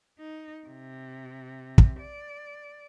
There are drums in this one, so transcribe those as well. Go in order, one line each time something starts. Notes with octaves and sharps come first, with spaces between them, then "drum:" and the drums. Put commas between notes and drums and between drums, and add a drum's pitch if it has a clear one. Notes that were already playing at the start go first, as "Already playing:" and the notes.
D#4
C3
drum: kick
D5